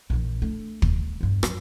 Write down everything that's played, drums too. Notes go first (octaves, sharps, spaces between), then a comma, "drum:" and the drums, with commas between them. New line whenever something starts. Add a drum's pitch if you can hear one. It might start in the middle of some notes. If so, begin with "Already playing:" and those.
A#1 E3
A3 D4
drum: kick
E2 G2
F#2, drum: rim click